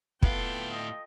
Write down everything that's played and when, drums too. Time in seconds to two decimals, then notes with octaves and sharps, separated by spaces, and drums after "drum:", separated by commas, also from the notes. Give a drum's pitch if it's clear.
0.23 A2 B3 F4 A4 F5 G5, drum: kick
0.72 D#5